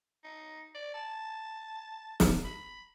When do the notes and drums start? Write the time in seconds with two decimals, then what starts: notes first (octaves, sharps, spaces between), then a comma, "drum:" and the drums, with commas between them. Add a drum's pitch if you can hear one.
0.24 D#4
0.74 D5
0.94 A5
2.20 drum: snare
2.44 B5